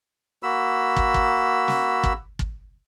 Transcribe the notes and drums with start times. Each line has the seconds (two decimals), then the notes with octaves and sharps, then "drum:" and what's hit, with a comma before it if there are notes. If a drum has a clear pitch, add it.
0.43 A#3 F#4 B5 E6
0.96 drum: kick
1.14 drum: kick
1.68 drum: snare
2.04 drum: kick
2.39 drum: kick